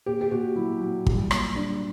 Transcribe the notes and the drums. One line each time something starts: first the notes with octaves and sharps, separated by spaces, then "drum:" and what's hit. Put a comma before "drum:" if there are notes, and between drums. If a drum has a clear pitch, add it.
A#2 G4
G4
A#2 F#4
F#3 E4
F#3
G3, drum: kick
A#2, drum: rim click
G3 D4